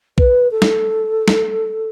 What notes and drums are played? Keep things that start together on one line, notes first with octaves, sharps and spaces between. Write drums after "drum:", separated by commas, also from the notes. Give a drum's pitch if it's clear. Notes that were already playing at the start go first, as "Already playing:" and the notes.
B4, drum: kick B1
A4
drum: snare
drum: snare